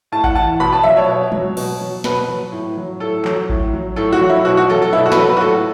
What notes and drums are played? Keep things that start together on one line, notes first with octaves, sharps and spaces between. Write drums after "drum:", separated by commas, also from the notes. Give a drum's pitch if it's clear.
A2 A5
F#5, drum: kick A1
E3 A5
B2 B5
A5
F#3 E5
C#5
B2
F#3, drum: tom
B2, drum: cymbal
F#3
B2 B4, drum: snare
F#3
A2
F#3
A2 A4
F#3, drum: clap
A2, drum: kick A1
F#3
A2 A4
F#4
F#3
E4
B2 F#4
F#4
F#3 A4
A4
B2 E4
F#4
B4, drum: snare
F#3 A4
B4
F#4
A2 A4